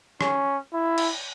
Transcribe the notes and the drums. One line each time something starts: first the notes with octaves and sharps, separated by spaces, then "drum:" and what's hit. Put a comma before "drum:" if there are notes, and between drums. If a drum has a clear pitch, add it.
C#4, drum: rim click
E4
drum: cymbal